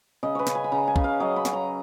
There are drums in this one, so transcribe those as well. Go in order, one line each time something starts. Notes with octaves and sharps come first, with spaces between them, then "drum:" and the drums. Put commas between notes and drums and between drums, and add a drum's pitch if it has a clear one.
C#3 D#5
B4 C#5
C#3, drum: snare
G#5
B5
C#3 A#5
G#5
C#3, drum: kick
F5
F#3 D#5
B5
F#3, drum: snare
A#5